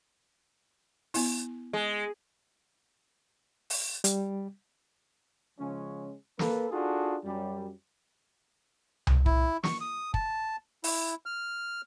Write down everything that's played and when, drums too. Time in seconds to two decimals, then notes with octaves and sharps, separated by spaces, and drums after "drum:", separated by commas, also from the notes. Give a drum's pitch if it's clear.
1.14 B3 E4, drum: open hi-hat
1.73 G#3
3.70 drum: open hi-hat
4.04 G3, drum: hi-hat
5.60 C#3 F3 G#3 C#4
6.39 A#3 A4 B4, drum: snare
6.71 D4 D#4 F4 F#4 G#4 A4
7.24 F#2 G3
9.07 drum: tom C2
9.26 E4, drum: kick
9.63 C#6, drum: snare
9.81 D#6
10.14 A5, drum: kick
10.84 E4, drum: open hi-hat
11.26 F6